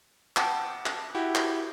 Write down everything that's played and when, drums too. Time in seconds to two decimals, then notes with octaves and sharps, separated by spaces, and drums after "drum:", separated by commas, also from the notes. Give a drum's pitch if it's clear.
0.36 F#5 G5 A5 D6, drum: clap
0.86 drum: clap
1.15 E4 F#4 G4
1.35 drum: clap